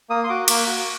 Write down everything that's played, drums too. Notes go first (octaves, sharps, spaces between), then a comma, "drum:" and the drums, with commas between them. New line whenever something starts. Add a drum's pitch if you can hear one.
A#3 D#6
C6
F#4 D6
A#3 D6, drum: cymbal
F#4